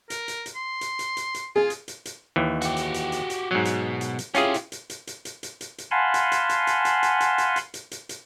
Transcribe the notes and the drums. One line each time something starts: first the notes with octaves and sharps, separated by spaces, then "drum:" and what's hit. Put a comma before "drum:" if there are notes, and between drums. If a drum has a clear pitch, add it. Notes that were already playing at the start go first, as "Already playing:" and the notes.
A#4, drum: hi-hat
drum: hi-hat
drum: hi-hat
C6
drum: hi-hat
drum: hi-hat
drum: hi-hat
drum: hi-hat
F4 G#4
drum: hi-hat
drum: hi-hat
drum: hi-hat
D#2 E3
F#4 G4, drum: hi-hat
drum: hi-hat
drum: hi-hat
drum: hi-hat
drum: hi-hat
G#2 B2 F#3
drum: hi-hat
drum: hi-hat
drum: hi-hat
C#4 E4 F4 G4 G#4, drum: hi-hat
drum: hi-hat
drum: hi-hat
drum: hi-hat
drum: hi-hat
drum: hi-hat
drum: hi-hat
drum: hi-hat
drum: hi-hat
F5 F#5 G#5 A5 B5 C6
drum: hi-hat
drum: hi-hat
drum: hi-hat
drum: hi-hat
drum: hi-hat
drum: hi-hat
drum: hi-hat
drum: hi-hat
drum: hi-hat
drum: hi-hat
drum: hi-hat
drum: hi-hat